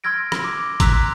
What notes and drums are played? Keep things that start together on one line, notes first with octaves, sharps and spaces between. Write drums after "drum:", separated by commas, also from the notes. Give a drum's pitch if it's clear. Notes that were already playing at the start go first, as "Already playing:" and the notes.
C6 E6 F6 G#6 A#6 D7
drum: rim click
D6
A#5 C6 E6 F#6 B6, drum: kick, hi-hat